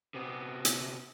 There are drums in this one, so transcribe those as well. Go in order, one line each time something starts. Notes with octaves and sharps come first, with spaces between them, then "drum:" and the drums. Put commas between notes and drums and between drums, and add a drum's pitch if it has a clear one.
C3 B3
drum: hi-hat